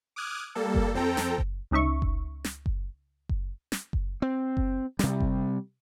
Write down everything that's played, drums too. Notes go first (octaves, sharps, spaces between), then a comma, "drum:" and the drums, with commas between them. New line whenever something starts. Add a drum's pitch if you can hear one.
D6 D#6 F6 F#6 G#6
G3 A#3 A4
drum: kick F#1
F2 C4 A4 G5 A#5
drum: snare
drum: kick F#1
C#2 C#4 D#4 E5 C#6
drum: kick F#1
drum: snare
drum: kick F#1
drum: kick F#1
drum: snare
drum: kick F#1
C4
drum: kick F#1
C3 G3, drum: snare
drum: kick F#1